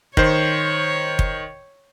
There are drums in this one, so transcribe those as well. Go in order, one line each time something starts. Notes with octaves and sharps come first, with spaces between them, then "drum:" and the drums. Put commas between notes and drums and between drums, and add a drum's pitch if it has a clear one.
D#3 C5 C#5, drum: kick
drum: kick